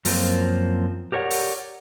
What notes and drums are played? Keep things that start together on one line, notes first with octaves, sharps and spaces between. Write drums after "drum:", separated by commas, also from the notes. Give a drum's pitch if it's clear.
F#2 F3 A#3 C4, drum: open hi-hat
G4 A#4 C#5 D5 F#5
drum: open hi-hat